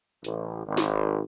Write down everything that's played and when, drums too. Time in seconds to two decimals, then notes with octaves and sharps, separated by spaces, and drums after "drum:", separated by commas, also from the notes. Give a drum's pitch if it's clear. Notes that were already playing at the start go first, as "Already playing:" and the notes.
0.24 A1, drum: hi-hat
0.67 G#1
0.77 drum: snare